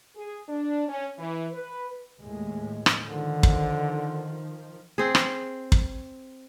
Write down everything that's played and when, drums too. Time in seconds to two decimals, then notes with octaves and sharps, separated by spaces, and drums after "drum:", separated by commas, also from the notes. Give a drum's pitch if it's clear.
0.16 G#4
0.49 D4
0.88 C#4
1.18 E3
1.53 B4
2.20 D#2 A2 G#3
2.86 drum: rim click
3.05 D3 D#3 F3
3.43 drum: kick
4.98 C4 G#4
5.15 drum: rim click
5.72 drum: kick